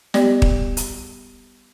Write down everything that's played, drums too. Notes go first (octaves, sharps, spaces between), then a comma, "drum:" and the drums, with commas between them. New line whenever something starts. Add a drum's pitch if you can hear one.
G3 B3 G4 D5, drum: snare
drum: kick
drum: hi-hat